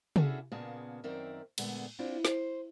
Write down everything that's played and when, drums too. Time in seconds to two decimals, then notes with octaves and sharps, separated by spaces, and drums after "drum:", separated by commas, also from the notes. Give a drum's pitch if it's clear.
0.16 C#4 D4 E4 F#4 G#4 A4, drum: tom
0.52 A#2 C#3 A#3 B3 G#4 A5
1.04 F#2 D#3 C4 A#4 D5 E5
1.58 A#2 D3 G#3 A3 B3, drum: cymbal
1.99 C4 D4 E4 F4
2.25 C5, drum: snare